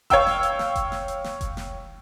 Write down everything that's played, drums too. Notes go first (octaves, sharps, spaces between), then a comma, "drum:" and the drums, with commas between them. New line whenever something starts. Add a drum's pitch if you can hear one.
C#5 F5 G5 E6, drum: kick F1, hi-hat
drum: snare
drum: hi-hat
drum: snare
drum: kick F1, hi-hat
drum: snare
drum: hi-hat
drum: snare
drum: kick F1, hi-hat
drum: snare